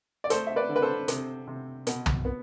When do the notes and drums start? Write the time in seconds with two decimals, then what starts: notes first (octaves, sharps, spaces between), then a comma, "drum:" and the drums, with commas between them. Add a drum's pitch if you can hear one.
0.24 D5
0.30 A3 A4 C5, drum: hi-hat
0.47 E5
0.56 B4 D5
0.69 D3
0.76 B4
0.82 A4 C5
1.08 C3, drum: hi-hat
1.47 C3
1.87 B2, drum: hi-hat
2.06 drum: tom
2.25 B3